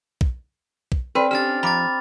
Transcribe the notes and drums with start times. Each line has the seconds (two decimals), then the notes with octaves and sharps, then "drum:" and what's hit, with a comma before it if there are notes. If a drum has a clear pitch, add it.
0.21 drum: kick
0.92 drum: kick
1.15 C4 A4 B4 D5
1.31 C#4 D4 G4 F6 A6
1.63 F2 A#5 B5 D6 A6